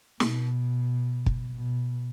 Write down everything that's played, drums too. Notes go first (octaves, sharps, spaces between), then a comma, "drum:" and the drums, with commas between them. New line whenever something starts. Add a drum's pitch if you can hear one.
B2, drum: snare
drum: kick
B2